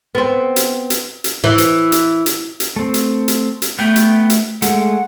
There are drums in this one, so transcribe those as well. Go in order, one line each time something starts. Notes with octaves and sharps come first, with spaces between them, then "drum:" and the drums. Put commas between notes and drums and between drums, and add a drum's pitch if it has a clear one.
B3 C4
drum: hi-hat
drum: hi-hat
drum: hi-hat
E3
drum: hi-hat
drum: hi-hat
drum: hi-hat
drum: hi-hat
A3 C4
drum: hi-hat
drum: hi-hat
drum: hi-hat
A3 B3 G5
drum: hi-hat
drum: hi-hat
G#3 A3 F#5, drum: hi-hat